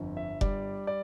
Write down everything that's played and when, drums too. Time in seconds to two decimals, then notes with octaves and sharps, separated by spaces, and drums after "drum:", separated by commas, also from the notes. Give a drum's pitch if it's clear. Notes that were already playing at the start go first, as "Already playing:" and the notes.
Already playing: G1 F2
0.17 E5
0.41 G3 D5, drum: kick F1
0.87 D5